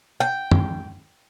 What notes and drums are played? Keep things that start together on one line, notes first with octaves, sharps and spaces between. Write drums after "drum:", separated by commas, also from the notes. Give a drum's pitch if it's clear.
G5
drum: tom